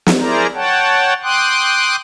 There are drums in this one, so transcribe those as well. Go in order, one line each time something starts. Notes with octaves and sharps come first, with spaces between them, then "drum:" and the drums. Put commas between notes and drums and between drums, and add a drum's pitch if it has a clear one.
drum: snare
E4 G#4 A#4 C5 D5 A#5
C#5 F#5 G5 A5
G5 C6 D6 D#6 F#6